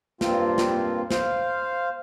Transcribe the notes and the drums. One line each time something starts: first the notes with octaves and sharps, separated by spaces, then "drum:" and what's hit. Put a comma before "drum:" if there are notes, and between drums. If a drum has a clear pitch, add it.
G2 A#3 C4 F4, drum: snare
drum: snare
C5 F5, drum: snare